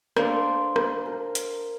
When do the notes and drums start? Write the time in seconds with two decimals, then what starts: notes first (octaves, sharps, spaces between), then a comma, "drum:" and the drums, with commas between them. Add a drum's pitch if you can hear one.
0.17 A#3 D4 A4 C5, drum: rim click
0.76 drum: rim click
1.06 A#4
1.35 drum: hi-hat